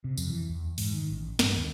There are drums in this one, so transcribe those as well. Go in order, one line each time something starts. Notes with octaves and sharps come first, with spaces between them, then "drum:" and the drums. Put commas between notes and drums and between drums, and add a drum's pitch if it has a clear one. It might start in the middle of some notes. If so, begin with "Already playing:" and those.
C3
F2, drum: tambourine
E3
E2
G#2, drum: open hi-hat
D#3
A1
G2, drum: snare
D#2